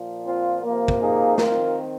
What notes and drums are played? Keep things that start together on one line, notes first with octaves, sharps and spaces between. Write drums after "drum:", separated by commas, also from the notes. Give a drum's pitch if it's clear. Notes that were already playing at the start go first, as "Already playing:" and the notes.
Already playing: A#2 F3
C4 F4
C3 F3 A#3
drum: kick
D#4 G#4
D#3 C4 F4 A#4, drum: snare